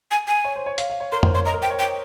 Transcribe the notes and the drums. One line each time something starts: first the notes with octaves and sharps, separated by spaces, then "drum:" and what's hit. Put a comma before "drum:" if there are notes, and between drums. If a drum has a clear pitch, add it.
G#5
G#5
C#5
C5
C#5
F5, drum: hi-hat
F5
C#5
A#4 C6
C5, drum: tom
C#5 C6
D#5 A#5
A#4
C5 G5
C#5
C5 G5